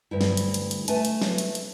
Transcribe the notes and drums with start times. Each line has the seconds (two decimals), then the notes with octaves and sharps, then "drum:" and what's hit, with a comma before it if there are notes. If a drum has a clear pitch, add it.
0.11 D2 G2 E4
0.21 drum: snare
0.37 drum: hi-hat
0.54 drum: hi-hat
0.71 drum: hi-hat
0.88 A3 B4 E5 G#5 A5, drum: hi-hat
1.05 drum: hi-hat
1.22 drum: snare
1.38 drum: hi-hat
1.55 drum: hi-hat